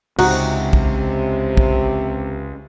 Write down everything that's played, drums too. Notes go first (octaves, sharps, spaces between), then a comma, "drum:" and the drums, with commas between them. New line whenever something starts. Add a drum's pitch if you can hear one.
C#2 C3 D#4 F#4, drum: cymbal
drum: kick
drum: kick